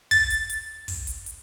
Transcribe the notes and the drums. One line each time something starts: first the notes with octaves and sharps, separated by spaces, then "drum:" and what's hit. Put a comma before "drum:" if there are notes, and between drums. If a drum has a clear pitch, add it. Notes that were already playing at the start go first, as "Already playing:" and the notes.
A6, drum: kick, open hi-hat
drum: hi-hat
drum: hi-hat
drum: kick, open hi-hat
drum: hi-hat
drum: hi-hat